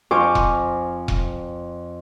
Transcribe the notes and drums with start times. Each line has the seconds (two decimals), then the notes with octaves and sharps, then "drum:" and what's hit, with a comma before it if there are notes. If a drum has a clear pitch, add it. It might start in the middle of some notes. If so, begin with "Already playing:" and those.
0.11 F2 C5 G#5 C#6 D6 F6
0.35 drum: kick E1
1.08 drum: kick E1